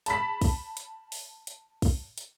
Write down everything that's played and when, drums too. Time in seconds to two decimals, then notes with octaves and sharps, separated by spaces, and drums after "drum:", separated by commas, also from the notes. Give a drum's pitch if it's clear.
0.06 A5 B5 B6, drum: hi-hat
0.42 drum: kick, open hi-hat
0.77 drum: hi-hat
1.12 drum: open hi-hat
1.47 drum: hi-hat
1.82 drum: kick, open hi-hat
2.18 drum: hi-hat